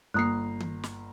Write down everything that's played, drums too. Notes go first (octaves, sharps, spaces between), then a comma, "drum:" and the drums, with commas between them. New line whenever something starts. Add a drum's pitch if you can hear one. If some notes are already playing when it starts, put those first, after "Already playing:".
G1 A#3 A#5 D#6 F#6 C7
drum: tom D#3
drum: snare